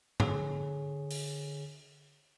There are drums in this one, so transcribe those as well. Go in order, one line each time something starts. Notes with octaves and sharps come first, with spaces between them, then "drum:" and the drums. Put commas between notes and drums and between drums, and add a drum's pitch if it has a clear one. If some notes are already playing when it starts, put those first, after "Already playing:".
D3 G#4 C#5, drum: tom
drum: open hi-hat